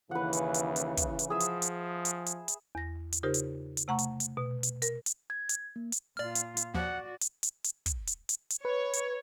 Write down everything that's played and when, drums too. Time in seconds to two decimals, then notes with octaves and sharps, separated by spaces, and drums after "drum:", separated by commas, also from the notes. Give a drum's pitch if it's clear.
0.11 D#2 C#3 E3 B4 F#5
0.33 drum: hi-hat
0.54 drum: hi-hat
0.76 drum: hi-hat
0.97 drum: kick, hi-hat
1.19 drum: hi-hat
1.30 F3 G#4 E5
1.40 drum: hi-hat
1.62 drum: hi-hat
2.05 drum: hi-hat
2.26 drum: hi-hat
2.48 drum: hi-hat
2.75 E2 A#6
3.12 drum: hi-hat
3.23 C#3 D#4 F4 G4 A#4 C5
3.34 drum: hi-hat
3.77 drum: hi-hat
3.88 C3 A3 F#5 A#5 C#6
3.99 drum: hi-hat
4.20 drum: hi-hat
4.37 B2
4.63 drum: hi-hat
4.82 A#4, drum: hi-hat
5.06 drum: hi-hat
5.30 G#6
5.49 drum: hi-hat
5.76 A#3
5.92 drum: hi-hat
6.17 A#2 F4 D5 F6
6.35 drum: hi-hat
6.57 drum: hi-hat
6.74 D#2 F3 F#4 D5 F#5
7.21 drum: hi-hat
7.43 drum: hi-hat
7.64 drum: hi-hat
7.86 drum: kick, hi-hat
8.07 drum: hi-hat
8.29 drum: hi-hat
8.50 drum: hi-hat
8.65 B4 C#5
8.93 drum: hi-hat